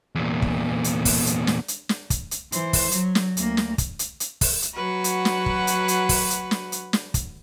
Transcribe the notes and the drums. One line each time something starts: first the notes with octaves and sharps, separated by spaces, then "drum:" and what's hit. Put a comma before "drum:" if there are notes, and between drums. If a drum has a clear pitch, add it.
E2 A#2
drum: kick
drum: hi-hat
drum: kick, open hi-hat
drum: hi-hat
drum: snare
drum: hi-hat
drum: snare
drum: kick, hi-hat
drum: hi-hat
E3 C5, drum: hi-hat
drum: kick, open hi-hat
F#3, drum: hi-hat
drum: snare
D2 A#3, drum: hi-hat
drum: snare
drum: kick, hi-hat
drum: hi-hat
drum: hi-hat
drum: kick, open hi-hat
drum: hi-hat
F#3 F#4 B4
drum: hi-hat
drum: snare
drum: kick
drum: hi-hat
drum: hi-hat
drum: kick, open hi-hat
drum: hi-hat
drum: snare
drum: hi-hat
drum: snare
drum: kick, hi-hat